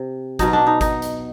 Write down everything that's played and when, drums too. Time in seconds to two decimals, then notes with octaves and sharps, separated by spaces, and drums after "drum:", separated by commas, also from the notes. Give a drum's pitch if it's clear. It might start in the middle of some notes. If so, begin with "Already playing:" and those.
Already playing: C3
0.39 B2 F#3 D#4, drum: kick G#1, hi-hat
0.53 D4
0.67 D#4
0.81 D#4, drum: kick G#1, hi-hat
1.02 drum: hi-hat